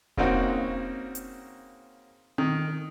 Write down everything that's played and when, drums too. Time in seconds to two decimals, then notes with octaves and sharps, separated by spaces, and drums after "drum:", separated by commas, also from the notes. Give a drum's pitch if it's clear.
0.17 C#3 A#3 C4 D#4 F#4, drum: kick E1
1.15 drum: hi-hat
2.38 D#3, drum: tom C4